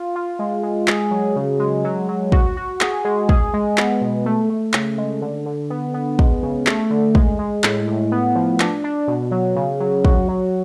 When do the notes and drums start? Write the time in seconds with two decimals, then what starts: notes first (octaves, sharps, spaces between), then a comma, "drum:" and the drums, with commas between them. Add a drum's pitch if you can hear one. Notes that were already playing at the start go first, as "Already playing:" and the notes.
Already playing: F4
0.16 F4
0.39 G#3
0.63 G#3
0.88 G#4, drum: clap
1.11 F#3
1.36 C#3
1.59 G#3
1.84 F#3
2.08 F#3
2.32 F#4, drum: kick
2.57 F#4
2.81 G#4, drum: clap
3.05 G#3
3.29 G#4, drum: kick
3.54 G#3
3.78 B3, drum: clap
4.01 B2
4.26 A3
4.49 A3
4.73 C#3, drum: clap
4.98 G#3
5.22 D3
5.46 D3
5.70 B3
5.94 B3
6.19 G#3, drum: kick
6.43 C#3
6.67 A3, drum: clap
6.90 D3
7.15 G#3, drum: kick
7.39 G#3
7.64 A2, drum: clap
7.88 A2
8.12 B3
8.35 F3
8.60 D4, drum: clap
8.84 D4
9.08 B2
9.31 F#3
9.56 C#3
9.80 F#3
10.05 F#4, drum: kick
10.28 F#3